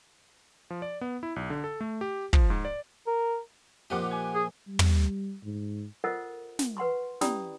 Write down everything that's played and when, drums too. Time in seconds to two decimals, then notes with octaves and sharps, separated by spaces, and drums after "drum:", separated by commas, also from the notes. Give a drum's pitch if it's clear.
0.70 F3
0.82 D5
1.01 B3
1.23 E4
1.36 B1
1.50 D3
1.64 A4
1.81 A3
2.01 G4
2.33 F3, drum: kick
2.50 G#2
2.65 D5
3.07 A#4
3.90 A#2 F3 G4 D#5 F#5 D6
4.12 G#5
4.35 G#4
4.68 G3
4.79 drum: tom
5.44 G#2
6.04 F4 A4 A#4 C5 D#5 F#5
6.59 drum: snare
6.77 B4 F#5 C6 C#6
7.21 C#4 E4 G4 D5 B5 D#6, drum: snare